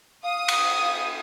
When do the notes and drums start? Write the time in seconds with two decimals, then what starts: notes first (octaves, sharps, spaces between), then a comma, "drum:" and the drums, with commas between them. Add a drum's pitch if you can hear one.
0.23 F5 D#6
0.48 drum: cymbal